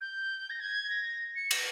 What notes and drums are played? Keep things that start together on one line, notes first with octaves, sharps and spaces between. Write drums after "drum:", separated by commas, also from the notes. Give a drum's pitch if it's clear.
G6
A#6
G#6
A#6
C#7
A#6, drum: cymbal